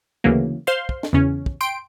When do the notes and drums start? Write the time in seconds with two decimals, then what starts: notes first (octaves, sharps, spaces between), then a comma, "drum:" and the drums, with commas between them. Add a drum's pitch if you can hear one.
0.24 D2 C#3 E3 F#3 A#3
0.67 C5 F5 C6
0.89 drum: kick
1.03 drum: snare
1.13 E2 C#3 C#4
1.46 drum: kick
1.61 G5 C6 D7